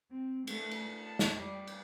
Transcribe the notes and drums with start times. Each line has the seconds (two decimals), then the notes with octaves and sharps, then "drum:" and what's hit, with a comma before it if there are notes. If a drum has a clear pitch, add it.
0.12 C4
0.47 A3, drum: cymbal
0.71 drum: cymbal
1.02 A5
1.19 drum: snare
1.40 G3
1.67 drum: cymbal